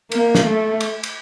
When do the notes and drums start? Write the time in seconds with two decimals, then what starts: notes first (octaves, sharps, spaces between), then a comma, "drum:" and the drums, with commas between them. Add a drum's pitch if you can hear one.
0.12 A#3, drum: cymbal
0.35 drum: snare
0.47 A3
0.80 drum: cymbal
1.03 drum: cymbal